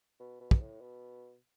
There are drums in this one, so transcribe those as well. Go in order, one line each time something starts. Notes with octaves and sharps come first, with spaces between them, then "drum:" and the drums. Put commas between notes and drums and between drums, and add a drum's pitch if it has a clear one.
B2
B2
drum: kick
A2
B2